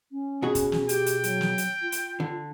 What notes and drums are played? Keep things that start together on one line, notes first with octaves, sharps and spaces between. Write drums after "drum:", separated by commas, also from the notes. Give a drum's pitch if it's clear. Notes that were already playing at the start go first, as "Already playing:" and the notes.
C#4
B2 F#4 G#4
drum: kick, hi-hat
drum: snare
G4 G5, drum: hi-hat
drum: hi-hat
F#3, drum: hi-hat
drum: snare
drum: hi-hat
F4
drum: hi-hat
D3